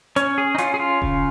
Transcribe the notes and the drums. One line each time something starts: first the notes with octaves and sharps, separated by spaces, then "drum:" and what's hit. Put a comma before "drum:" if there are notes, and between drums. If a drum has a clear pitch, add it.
C#4 C#5, drum: hi-hat
G#4
D#4
C#4 F4, drum: hi-hat
G#4
F4
C#3, drum: kick E1